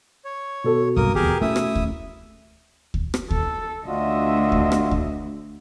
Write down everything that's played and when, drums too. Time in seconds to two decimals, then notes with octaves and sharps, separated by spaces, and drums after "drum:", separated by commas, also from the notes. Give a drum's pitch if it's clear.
0.25 C#5
0.64 B2 A4
0.96 B1 G2 C3 A#3 A#4 D#6
1.15 D1 E2 G4 G#4 A#4
1.42 A3 C#4 E4 E5 D#6
1.56 drum: rim click
1.75 drum: kick D2
2.94 drum: kick D2
3.14 drum: rim click
3.30 A4, drum: kick D2
3.87 D2 D4 F4 F#4 D#5 E5
4.52 drum: kick D2
4.72 drum: rim click
4.91 drum: kick D2